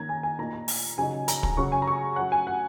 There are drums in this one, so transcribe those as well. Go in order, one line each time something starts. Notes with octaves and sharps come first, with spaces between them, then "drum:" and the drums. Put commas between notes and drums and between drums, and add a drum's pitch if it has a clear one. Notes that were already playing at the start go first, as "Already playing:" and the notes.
Already playing: D#3 A#3 C#4 A#5 G#6
G#5
G#5
A#2 A#3 D#4 A#5
A#5
drum: open hi-hat
C#3 F#3 D#4 G#5
A#5, drum: hi-hat
A#5, drum: kick
C#3 F#3 C#4 C#6
G#5
A#5
C#6
F#3 C#4 F#5
G#5
F#5